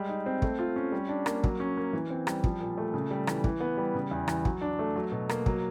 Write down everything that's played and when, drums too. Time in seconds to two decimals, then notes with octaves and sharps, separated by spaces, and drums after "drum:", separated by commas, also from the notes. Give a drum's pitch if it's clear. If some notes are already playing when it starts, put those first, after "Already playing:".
Already playing: G3 G#3
0.09 D#4
0.26 C4
0.42 A3, drum: kick
0.59 F4
0.76 C#4
0.92 G3
1.09 D4
1.26 A#3, drum: rim click
1.44 F#3, drum: kick
1.60 C#4
1.77 A#3
1.93 E3
2.10 C4
2.27 G3, drum: rim click
2.44 F3, drum: kick
2.60 A#2
2.78 A3
2.94 C#3
3.11 G3
3.27 E3, drum: rim click
3.44 E3, drum: kick
3.60 B3
3.77 G3
3.95 C#3
4.11 E2
4.28 E3, drum: rim click
4.45 F#3, drum: kick
4.61 D4
4.79 A3
4.96 F#3
5.12 B2
5.29 A#3, drum: rim click
5.46 F#3, drum: kick